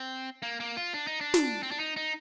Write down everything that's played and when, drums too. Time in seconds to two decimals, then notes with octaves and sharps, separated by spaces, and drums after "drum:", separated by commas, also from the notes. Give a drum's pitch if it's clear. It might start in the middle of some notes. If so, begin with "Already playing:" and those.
Already playing: C4
0.42 A#3
0.60 A#3
0.77 F4
0.94 D4
1.07 D#4
1.21 D4
1.34 drum: snare
1.63 C4
1.71 D4
1.79 D#4
1.97 D#4